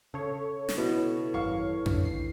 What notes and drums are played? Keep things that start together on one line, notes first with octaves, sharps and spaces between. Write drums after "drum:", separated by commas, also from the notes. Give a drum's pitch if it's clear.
C#3 A4 C#5
drum: snare
B2 E4 B4
G#1 F#2 F5 C#6
D3, drum: tom F2
D#2 C7